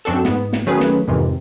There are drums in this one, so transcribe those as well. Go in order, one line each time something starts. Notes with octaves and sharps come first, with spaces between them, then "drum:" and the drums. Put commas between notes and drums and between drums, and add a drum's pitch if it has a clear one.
F#2 C4 D4 F#4 A4 E7
G#2 B3, drum: snare
drum: snare
D#3 F#3 A3 C#4 G#4 B4
drum: snare
F2 G#2 C3 D#3 E3